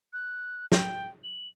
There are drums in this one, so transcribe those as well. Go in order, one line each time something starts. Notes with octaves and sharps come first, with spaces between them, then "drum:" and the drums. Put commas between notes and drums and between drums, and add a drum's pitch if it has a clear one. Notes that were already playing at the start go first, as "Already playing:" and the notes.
F#6
G5, drum: snare
F#7